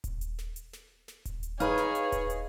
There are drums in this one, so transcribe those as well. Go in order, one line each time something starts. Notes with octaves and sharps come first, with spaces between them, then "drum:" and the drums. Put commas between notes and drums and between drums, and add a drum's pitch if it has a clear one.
drum: kick D#1, hi-hat
drum: hi-hat
drum: snare
drum: hi-hat
drum: snare
drum: snare
drum: kick D#1, hi-hat
drum: hi-hat
D#4 G#4 B4 C#5 F5, drum: hi-hat
drum: snare
drum: hi-hat
drum: kick D#1, hi-hat
drum: hi-hat